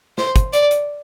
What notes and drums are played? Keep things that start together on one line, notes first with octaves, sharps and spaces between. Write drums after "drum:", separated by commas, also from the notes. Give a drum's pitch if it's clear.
C5, drum: snare
drum: kick, hi-hat
D5, drum: hi-hat
drum: hi-hat